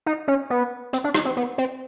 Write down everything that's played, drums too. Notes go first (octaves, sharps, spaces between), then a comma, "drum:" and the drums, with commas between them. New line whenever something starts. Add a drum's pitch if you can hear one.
D#4
C#4
B3
C4, drum: hi-hat
D4
D#4, drum: rim click
C4
B3
C4